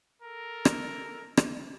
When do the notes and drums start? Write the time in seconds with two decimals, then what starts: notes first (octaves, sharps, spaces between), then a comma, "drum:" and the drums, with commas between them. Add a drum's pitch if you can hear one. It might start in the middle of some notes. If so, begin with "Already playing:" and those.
0.22 A4 A#4
0.65 drum: rim click
1.37 drum: rim click